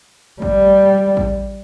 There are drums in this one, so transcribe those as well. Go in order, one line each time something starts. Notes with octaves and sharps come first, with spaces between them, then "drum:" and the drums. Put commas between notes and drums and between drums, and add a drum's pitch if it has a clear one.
G3, drum: kick A1
drum: kick A1